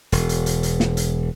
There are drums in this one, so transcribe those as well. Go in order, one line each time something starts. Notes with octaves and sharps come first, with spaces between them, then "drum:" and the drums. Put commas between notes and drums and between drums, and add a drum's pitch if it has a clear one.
E1, drum: hi-hat
drum: hi-hat
drum: hi-hat
drum: hi-hat
drum: snare
drum: hi-hat